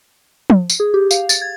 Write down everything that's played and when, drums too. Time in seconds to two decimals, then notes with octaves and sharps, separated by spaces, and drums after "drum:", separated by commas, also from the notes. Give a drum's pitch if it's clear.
0.50 drum: tom
0.70 drum: tambourine
0.80 G#4
0.94 G4
1.11 F5, drum: tambourine
1.29 A6, drum: tambourine
1.42 G#6